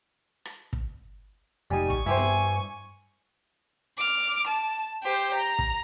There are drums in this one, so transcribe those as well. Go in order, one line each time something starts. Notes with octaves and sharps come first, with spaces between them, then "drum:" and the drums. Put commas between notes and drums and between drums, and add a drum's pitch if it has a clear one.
drum: rim click
drum: kick
F1 G3 D#4 G#5
C#6, drum: kick
G2 E4 G4 C5 G#5
drum: snare B3
D6 F6
A5
G4 C5
A#5
drum: kick